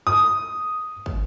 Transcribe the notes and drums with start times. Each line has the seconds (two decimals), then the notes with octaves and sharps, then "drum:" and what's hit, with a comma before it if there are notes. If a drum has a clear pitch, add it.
0.07 D#6
1.06 drum: kick